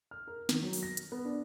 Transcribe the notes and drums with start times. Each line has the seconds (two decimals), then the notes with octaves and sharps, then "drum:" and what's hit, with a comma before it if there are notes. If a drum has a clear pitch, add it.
0.11 F6
0.27 A#4
0.49 D#3, drum: snare
0.62 F#3
0.73 drum: open hi-hat
0.83 A#6
0.97 drum: hi-hat
1.12 B3
1.25 D4